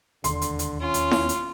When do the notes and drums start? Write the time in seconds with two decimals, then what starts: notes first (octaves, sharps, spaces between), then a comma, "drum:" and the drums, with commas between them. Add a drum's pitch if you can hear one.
0.24 E1 D#2 D3 C6, drum: hi-hat
0.42 drum: hi-hat
0.59 drum: hi-hat
0.81 C#4 F4
0.94 drum: hi-hat
1.11 drum: snare E4
1.29 drum: hi-hat